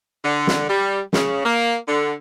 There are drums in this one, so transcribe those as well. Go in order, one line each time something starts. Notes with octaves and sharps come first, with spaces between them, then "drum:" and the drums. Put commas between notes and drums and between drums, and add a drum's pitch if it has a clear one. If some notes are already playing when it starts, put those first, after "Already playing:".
D3
drum: snare
G3
C#3, drum: snare
A#3
D3